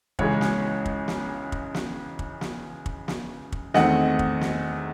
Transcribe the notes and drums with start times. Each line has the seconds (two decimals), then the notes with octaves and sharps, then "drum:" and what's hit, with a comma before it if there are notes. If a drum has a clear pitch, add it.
0.19 C#2 C#3 E3 G#3 C#5, drum: kick
0.41 drum: snare
0.86 drum: kick
1.08 drum: snare
1.52 drum: kick
1.74 drum: snare
2.19 drum: kick
2.41 drum: snare
2.86 drum: kick
3.08 drum: snare
3.52 drum: kick
3.74 E2 D#3 A3 C4 D#5 F#5, drum: snare
4.19 drum: kick
4.41 drum: snare